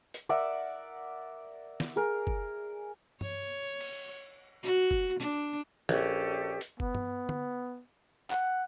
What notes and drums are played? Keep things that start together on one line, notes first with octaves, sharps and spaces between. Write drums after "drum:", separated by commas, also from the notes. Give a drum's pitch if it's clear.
drum: hi-hat
A#4 D5 E5 F#5
drum: snare
G#4 A#4
drum: kick
C#5, drum: tom G2
drum: cymbal
F#4
drum: kick
D4
A#1 C#4 G4 A4, drum: snare
drum: hi-hat
B3, drum: kick
drum: tom G2
drum: tom
F#5, drum: clap